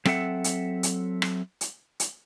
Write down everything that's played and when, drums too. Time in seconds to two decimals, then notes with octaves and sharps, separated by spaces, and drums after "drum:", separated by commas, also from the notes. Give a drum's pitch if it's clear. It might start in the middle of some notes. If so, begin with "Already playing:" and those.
0.05 F#3 C4 A4 B4 E5 F#5, drum: rim click
0.44 drum: hi-hat
0.83 drum: hi-hat
1.22 drum: rim click
1.61 drum: hi-hat
2.00 drum: hi-hat